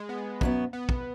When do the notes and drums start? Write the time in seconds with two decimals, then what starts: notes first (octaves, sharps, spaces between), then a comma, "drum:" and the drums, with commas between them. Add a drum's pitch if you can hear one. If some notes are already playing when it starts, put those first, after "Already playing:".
Already playing: G#3
0.09 B3
0.41 F#2 F#3 B3, drum: kick
0.73 B3
0.89 drum: kick